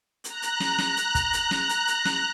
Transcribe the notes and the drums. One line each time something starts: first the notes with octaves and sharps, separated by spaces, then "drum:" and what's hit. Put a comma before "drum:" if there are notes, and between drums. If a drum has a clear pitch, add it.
A#5 F#6, drum: hi-hat
drum: hi-hat
drum: snare
drum: snare
drum: hi-hat
drum: kick, hi-hat
drum: hi-hat
drum: snare
drum: hi-hat
drum: hi-hat
drum: snare